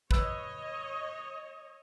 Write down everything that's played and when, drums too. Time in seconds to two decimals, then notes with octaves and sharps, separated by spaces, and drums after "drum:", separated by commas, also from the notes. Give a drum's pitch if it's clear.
0.11 B4 C#5 D#5 E6, drum: kick